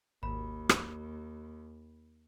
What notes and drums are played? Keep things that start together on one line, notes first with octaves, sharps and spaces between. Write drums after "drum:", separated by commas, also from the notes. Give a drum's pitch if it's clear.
G#1 D#2 B5
drum: rim click